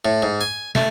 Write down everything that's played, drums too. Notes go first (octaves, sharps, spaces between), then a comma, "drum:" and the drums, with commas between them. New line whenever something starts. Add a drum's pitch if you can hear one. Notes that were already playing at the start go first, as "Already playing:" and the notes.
A2
G#2
G#5
A3, drum: snare